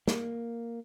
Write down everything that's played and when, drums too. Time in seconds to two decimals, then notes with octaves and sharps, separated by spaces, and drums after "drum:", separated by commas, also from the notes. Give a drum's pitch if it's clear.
0.08 A#3, drum: snare